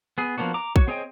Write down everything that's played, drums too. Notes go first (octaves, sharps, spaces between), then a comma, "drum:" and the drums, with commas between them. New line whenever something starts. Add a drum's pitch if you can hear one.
B3 G#4
F3 A#3 B3 D4 F#4
A#5 D6
F#4 C#5, drum: kick A#1
C4 G#4 C#5 D#5 G5